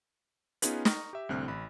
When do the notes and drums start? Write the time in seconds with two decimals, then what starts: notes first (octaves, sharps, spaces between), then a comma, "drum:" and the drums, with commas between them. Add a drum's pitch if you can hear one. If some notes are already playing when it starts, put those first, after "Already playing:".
0.62 B3 C#4 D#4 F4 G#4 B4, drum: hi-hat
0.85 A#5 C#6 D#6 F6 A#6, drum: snare
1.13 G4 E5
1.29 C2 A2 D3 C4 F6 F#6
1.48 A1 B5 F#6